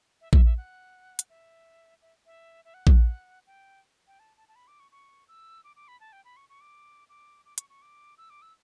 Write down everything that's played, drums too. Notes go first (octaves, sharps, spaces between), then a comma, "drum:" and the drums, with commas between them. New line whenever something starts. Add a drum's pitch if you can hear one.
E5
E5, drum: kick A#1
E5
F#5
drum: hi-hat
E5
E5
E5
E5
F#5
drum: kick A#1
G5
G5
A5
A5
A5
B5
D6
C#6
C#6
E6
D6
D6
B5
A5
G5
B5
C#6
C#6
D6
D6
D6
C#6, drum: hi-hat
C#6
D6
E6
D6
E6